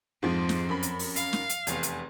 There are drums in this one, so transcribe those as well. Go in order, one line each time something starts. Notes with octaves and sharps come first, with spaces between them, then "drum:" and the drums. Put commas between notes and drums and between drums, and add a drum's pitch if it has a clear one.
F2 G#2 F3 C4
drum: snare
F#2 B5
drum: hi-hat
drum: open hi-hat
F5, drum: hi-hat
drum: snare
drum: hi-hat
F1 E2, drum: hi-hat
drum: hi-hat